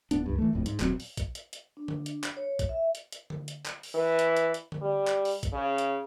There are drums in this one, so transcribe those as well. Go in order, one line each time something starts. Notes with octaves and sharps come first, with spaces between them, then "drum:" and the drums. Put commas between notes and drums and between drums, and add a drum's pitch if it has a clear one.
D1 B3 D4, drum: hi-hat
C#2 G2
E3 A3
D1 A#1 F2 A2
G#2, drum: hi-hat
D#1 B1 F#3 C4, drum: clap
drum: open hi-hat
drum: kick A1, hi-hat
drum: hi-hat
drum: hi-hat
D4
drum: tom D3
drum: hi-hat
drum: clap
C#5
drum: kick A1, hi-hat
E5
drum: hi-hat
drum: hi-hat
drum: tom D3
drum: hi-hat
drum: clap
drum: open hi-hat
E3
drum: hi-hat
drum: hi-hat
drum: hi-hat
drum: tom D3
G3
drum: clap
drum: open hi-hat
drum: kick A1, hi-hat
C#3
drum: hi-hat